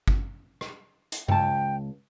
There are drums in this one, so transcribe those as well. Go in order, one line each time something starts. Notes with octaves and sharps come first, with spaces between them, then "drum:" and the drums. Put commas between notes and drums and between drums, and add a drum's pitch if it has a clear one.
drum: kick G1
drum: rim click
drum: hi-hat
C#2 G5 A5, drum: tom G2